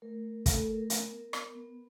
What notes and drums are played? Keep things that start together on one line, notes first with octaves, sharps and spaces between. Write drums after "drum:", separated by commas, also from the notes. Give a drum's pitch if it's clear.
A3 A#4
A3
A3 A4, drum: kick, hi-hat
A4
A3 A#4
A#4
B3, drum: hi-hat
B3
B3, drum: rim click
B3